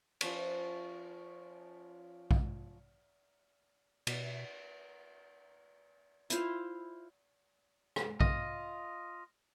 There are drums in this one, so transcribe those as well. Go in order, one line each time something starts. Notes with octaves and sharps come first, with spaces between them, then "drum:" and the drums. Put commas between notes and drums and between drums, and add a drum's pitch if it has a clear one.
F3 C#4 C#5, drum: cymbal
drum: kick A#1
B2, drum: cymbal
E4 F4 C5 F5, drum: hi-hat
drum: rim click
F4 D#5, drum: kick A#1